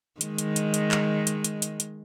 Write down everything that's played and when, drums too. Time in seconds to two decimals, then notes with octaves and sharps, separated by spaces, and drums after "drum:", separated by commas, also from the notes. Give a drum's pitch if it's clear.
0.21 D#3 G#3, drum: hi-hat
0.38 drum: hi-hat
0.56 drum: hi-hat
0.74 drum: hi-hat
0.91 drum: clap
1.27 drum: hi-hat
1.44 drum: hi-hat
1.62 drum: hi-hat
1.80 drum: hi-hat